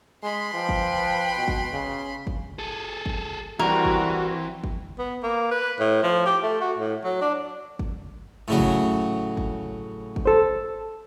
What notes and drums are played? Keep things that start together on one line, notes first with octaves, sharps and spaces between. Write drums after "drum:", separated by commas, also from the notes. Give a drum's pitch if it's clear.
G#3 B5 C6
F3 B4 G5
drum: kick G1
B2
drum: kick G1
C#3
drum: kick G1
G#4 A4
drum: kick G1
E3 G3 C4 E4 F#4 A#4
drum: kick G1
drum: kick G1
B3
A#3
B4
A2
F3
G4
A3
F#4
A2
F#3
D4
drum: kick G1
A2 C#3 F#3
drum: kick G1
drum: kick G1
drum: kick G1
A4 C5